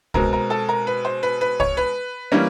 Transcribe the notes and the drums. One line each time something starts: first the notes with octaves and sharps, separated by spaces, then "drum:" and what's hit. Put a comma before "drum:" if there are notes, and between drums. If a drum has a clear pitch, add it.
B2 G#3 C4 A#4, drum: kick
A#4
A4
A#4
B4
C5
B4
B4
C#5, drum: kick
B4
E3 G3 A#3 C#4